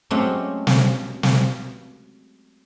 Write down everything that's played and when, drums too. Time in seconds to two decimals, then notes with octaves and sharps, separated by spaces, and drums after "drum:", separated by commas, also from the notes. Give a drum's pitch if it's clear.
0.10 F#3 G#3 A3 C4 C#4 G4
0.67 drum: snare
1.23 drum: snare